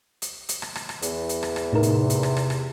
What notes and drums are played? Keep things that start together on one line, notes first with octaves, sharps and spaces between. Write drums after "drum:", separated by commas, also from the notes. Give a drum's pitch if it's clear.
drum: hi-hat
drum: hi-hat
drum: rim click
drum: rim click
drum: rim click
E2, drum: hi-hat
drum: hi-hat
drum: rim click
drum: rim click
A2 C3 D#4 A#4
drum: hi-hat
drum: hi-hat
drum: rim click
drum: rim click
drum: rim click